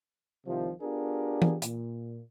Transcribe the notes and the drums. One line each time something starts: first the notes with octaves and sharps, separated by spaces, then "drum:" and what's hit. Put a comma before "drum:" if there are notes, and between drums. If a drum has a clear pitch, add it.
C2 C3 D#3 F3
B3 D4 F4 G4 G#4 A#4
drum: tom E3
A#2, drum: hi-hat